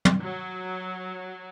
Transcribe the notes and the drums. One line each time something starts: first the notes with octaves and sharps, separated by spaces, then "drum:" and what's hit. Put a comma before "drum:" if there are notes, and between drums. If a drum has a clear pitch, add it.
drum: tom
F#3